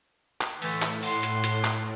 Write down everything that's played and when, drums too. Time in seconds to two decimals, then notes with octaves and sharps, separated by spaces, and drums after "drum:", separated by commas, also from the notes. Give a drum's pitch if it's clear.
0.41 drum: clap
0.62 A2 D3 E3 A3, drum: open hi-hat
0.82 drum: clap
1.03 F#5 C6, drum: open hi-hat
1.23 drum: hi-hat
1.44 drum: hi-hat
1.64 drum: clap